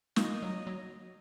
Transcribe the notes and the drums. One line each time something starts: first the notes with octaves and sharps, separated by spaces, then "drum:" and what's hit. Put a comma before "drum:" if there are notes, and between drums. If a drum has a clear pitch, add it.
A#3 D#5, drum: snare
F#3
F#3